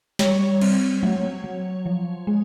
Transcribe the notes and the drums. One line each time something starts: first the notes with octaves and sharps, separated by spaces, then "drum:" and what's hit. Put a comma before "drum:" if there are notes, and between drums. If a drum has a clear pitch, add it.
G3 C#5, drum: snare
C4, drum: cymbal
F#3, drum: tom G#3
F#3
F3
G#3